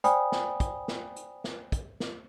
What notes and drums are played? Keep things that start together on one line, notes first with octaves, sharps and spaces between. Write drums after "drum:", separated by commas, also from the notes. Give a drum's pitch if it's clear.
C5 D5 G5 G#5 B5 D#6, drum: hi-hat
drum: snare
drum: kick, hi-hat
drum: snare
drum: hi-hat
drum: snare
drum: kick, hi-hat
drum: snare